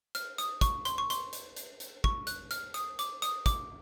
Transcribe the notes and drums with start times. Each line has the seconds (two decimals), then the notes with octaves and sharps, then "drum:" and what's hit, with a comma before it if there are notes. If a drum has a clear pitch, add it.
0.15 F6, drum: hi-hat
0.38 D#6, drum: hi-hat
0.61 C#6, drum: kick, hi-hat
0.85 C6, drum: hi-hat
0.98 C#6
1.10 C6, drum: hi-hat
1.33 drum: hi-hat
1.56 drum: hi-hat
1.80 drum: hi-hat
2.04 C#6, drum: kick
2.27 F#6, drum: hi-hat
2.51 F6, drum: hi-hat
2.74 D#6, drum: hi-hat
2.99 D6, drum: hi-hat
3.22 D#6, drum: hi-hat
3.46 D6, drum: kick, hi-hat